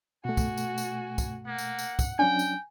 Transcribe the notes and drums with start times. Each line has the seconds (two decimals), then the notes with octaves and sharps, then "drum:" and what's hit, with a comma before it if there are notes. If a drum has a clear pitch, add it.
0.25 B2 A3 F#4 G#5
0.37 drum: kick, tambourine
0.58 drum: tambourine
0.78 drum: tambourine
1.18 drum: kick, tambourine
1.47 A#3 F#5
1.58 drum: tambourine
1.79 drum: tambourine
1.99 drum: kick, tambourine
2.19 F#3 C#4 D4 G5 G#5
2.39 drum: tambourine